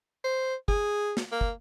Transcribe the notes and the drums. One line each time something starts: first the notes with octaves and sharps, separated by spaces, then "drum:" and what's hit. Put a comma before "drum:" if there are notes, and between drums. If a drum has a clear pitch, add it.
C5
G#4, drum: kick
drum: snare
A#3
drum: kick